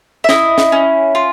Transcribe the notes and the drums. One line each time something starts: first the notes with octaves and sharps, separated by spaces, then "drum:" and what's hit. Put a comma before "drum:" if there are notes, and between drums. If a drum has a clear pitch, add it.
E5
E4 D#5, drum: snare
drum: snare
C#4
F4